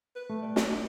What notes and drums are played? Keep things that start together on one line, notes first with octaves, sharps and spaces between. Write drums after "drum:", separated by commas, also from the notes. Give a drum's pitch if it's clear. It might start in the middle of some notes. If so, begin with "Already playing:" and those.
B4
A3
G3
D4, drum: snare